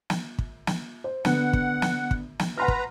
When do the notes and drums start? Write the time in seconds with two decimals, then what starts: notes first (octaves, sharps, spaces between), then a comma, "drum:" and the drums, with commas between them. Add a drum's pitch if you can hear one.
0.10 drum: snare
0.38 drum: kick
0.67 drum: snare
1.04 C5
1.25 D3 B3 F#5, drum: snare
1.53 drum: kick
1.82 drum: snare
2.11 drum: kick
2.40 drum: snare
2.58 B4 F#5 A#5 C6 F6
2.68 drum: kick